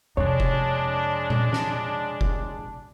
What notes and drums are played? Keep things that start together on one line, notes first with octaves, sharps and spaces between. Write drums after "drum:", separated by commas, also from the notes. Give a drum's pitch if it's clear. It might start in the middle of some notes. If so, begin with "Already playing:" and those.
F2 C3 G#3 D4 C#5
drum: kick F1
drum: tom A#2
drum: snare
drum: kick F1